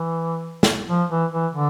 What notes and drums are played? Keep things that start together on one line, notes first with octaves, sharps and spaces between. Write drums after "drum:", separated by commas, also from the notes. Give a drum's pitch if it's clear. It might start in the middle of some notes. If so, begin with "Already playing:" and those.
Already playing: E3
drum: snare
F3
E3
E3
D3